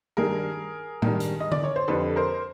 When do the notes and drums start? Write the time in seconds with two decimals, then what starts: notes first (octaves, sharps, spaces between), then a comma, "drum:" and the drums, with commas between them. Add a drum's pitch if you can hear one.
0.17 G2 D#3 G3 G#4 A#4
1.02 G2 D#3 G3, drum: tom A2
1.20 drum: hi-hat
1.40 D#5
1.52 D5, drum: tom D3
1.63 C#5
1.76 C5
1.88 F2 D3 G3 A4 B4
2.16 A#4 C5